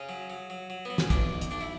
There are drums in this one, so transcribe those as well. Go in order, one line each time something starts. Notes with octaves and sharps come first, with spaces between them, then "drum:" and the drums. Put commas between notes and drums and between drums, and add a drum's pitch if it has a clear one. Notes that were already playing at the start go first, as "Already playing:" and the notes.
Already playing: C#3 C#4
F#3
F#3
F#3
F#3
F#3 B3
C#4, drum: snare
B1 D4, drum: kick, hi-hat
B1
drum: hi-hat
B1 D4
E4